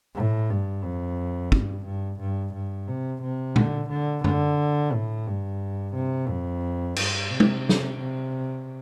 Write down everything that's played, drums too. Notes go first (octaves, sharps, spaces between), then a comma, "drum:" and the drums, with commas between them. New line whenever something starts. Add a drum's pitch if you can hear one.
A2
G2
F2
G2, drum: kick
G2
G2
G2
C3
C3
D3, drum: tom A#2
D3
D3, drum: tom F#2
A2
G2
C3
F2
G2, drum: cymbal
C3
drum: tom
drum: snare
C3